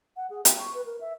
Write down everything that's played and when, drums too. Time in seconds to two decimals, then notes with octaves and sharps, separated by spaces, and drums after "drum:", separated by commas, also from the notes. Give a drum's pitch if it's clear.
0.16 F#5
0.30 G#4
0.45 G5, drum: hi-hat
0.59 C#6
0.74 B4
0.85 A#4
1.00 E5